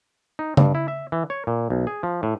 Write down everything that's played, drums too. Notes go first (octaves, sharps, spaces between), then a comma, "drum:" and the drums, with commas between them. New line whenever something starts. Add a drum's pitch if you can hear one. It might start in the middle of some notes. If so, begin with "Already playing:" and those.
D#4
G2, drum: tom C#3
E4
E5
E3
C#5
A#2
B1
G#4
F3
A2